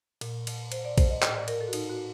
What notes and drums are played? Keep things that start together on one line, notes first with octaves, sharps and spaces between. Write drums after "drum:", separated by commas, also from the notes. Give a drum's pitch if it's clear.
A#2, drum: cymbal
drum: cymbal
C5, drum: cymbal
D5
C5, drum: kick A#1, cymbal
D#5
A2 D#5, drum: clap
D5
A#4, drum: cymbal
A4
F#4
D#4, drum: cymbal
F#4